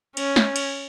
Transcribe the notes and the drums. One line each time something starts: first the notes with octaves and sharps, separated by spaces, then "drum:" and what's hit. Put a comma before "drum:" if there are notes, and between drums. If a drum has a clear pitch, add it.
C#4, drum: cymbal
drum: snare
drum: cymbal